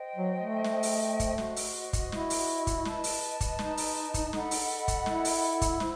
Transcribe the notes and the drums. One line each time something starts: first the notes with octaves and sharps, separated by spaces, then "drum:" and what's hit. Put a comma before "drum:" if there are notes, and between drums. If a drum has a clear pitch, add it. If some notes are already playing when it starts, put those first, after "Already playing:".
Already playing: C5 D#5 G5
F#3
A3
drum: snare
drum: open hi-hat
drum: kick, hi-hat
F#4 C5 D#5, drum: snare
drum: open hi-hat
drum: kick, hi-hat
E4, drum: snare
drum: open hi-hat
drum: kick, hi-hat
B4 D#5 A5, drum: snare
drum: open hi-hat
drum: kick, hi-hat
D#4, drum: snare
drum: open hi-hat
drum: kick, hi-hat
A4 D#5 F#5 B5, drum: snare
drum: open hi-hat
drum: kick, hi-hat
E4, drum: snare
drum: open hi-hat
drum: kick, hi-hat
C5, drum: snare